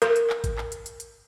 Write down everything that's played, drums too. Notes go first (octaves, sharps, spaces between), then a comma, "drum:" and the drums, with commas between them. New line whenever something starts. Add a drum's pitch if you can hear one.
A#4, drum: hi-hat
drum: hi-hat
drum: clap
drum: kick G#1, hi-hat
drum: clap
drum: hi-hat
drum: hi-hat
drum: hi-hat